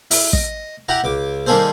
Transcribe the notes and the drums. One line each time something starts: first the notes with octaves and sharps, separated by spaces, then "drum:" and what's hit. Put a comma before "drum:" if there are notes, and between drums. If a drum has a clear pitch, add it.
E4, drum: open hi-hat
D#5, drum: kick
E4 G4 F#5 A#5
C#2 D6
D#3 G3 A#3 G#4 A4 C5